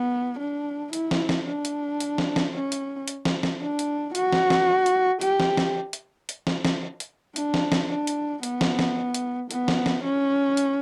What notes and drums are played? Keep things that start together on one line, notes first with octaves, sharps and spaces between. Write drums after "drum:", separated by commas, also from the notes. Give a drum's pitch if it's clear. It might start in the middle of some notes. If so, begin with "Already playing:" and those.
Already playing: B3
D4
E4, drum: hi-hat
drum: snare
drum: snare
D4
drum: hi-hat
drum: hi-hat
drum: snare
drum: snare
C#4
drum: hi-hat
drum: hi-hat
drum: snare
drum: snare
D4
drum: hi-hat
F#4, drum: hi-hat
drum: snare
drum: snare
drum: hi-hat
G4, drum: hi-hat
drum: snare
drum: snare
drum: hi-hat
drum: hi-hat
drum: snare
drum: snare
drum: hi-hat
D4, drum: hi-hat
drum: snare
drum: snare
D4
drum: hi-hat
B3, drum: hi-hat
drum: snare
drum: snare
drum: hi-hat
B3, drum: hi-hat
drum: snare
drum: snare
C#4
drum: hi-hat